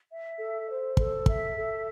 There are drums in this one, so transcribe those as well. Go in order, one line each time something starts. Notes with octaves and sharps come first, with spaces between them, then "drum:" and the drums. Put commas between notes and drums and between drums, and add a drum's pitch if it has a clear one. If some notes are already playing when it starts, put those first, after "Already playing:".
E5
A4
C5
A4, drum: kick
E5, drum: kick
A4